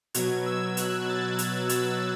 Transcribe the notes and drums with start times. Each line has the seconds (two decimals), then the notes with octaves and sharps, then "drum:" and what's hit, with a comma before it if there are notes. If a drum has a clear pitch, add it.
0.14 B2 F#3 G#6, drum: hi-hat
0.45 E6
0.77 F#6, drum: hi-hat
1.08 A6
1.39 drum: hi-hat
1.69 E6, drum: hi-hat